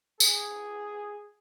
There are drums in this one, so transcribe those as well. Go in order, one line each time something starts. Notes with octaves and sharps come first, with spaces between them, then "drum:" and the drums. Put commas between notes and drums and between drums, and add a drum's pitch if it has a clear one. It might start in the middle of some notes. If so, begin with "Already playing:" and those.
G#4, drum: tambourine